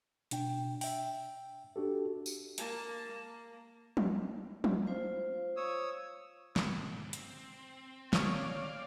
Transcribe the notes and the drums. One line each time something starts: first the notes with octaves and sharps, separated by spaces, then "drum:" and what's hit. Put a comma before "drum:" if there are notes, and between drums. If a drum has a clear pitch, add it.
B2 D4 G5, drum: hi-hat
E5 G5, drum: open hi-hat
D4 F#4 G4 A4
drum: tambourine
A#3 A5, drum: hi-hat
A#3
drum: tom
drum: tom
F4 C5 F5
C#5 D#6 E6
G#2 B2, drum: snare
C4, drum: hi-hat
C#5 D5 F5, drum: snare